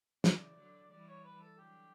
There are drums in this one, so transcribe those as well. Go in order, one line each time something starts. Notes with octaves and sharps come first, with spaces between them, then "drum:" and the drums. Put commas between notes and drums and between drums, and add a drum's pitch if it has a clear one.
C#3 E3 D5, drum: snare
D3 F#3
E3 G3 D5
C#5
B4
A4
D3 F#3 G4